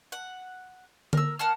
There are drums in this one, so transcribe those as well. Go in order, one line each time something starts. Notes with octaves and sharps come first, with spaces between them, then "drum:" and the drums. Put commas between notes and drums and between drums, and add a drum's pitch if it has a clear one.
F#5
A#4 E6, drum: tom D3
A#3 F#5 A5 F6